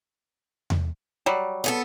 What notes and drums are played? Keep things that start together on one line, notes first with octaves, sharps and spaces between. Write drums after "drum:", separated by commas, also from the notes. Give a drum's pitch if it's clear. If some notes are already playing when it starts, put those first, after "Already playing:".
drum: tom E2
F#3 G3
B3 G#4 A4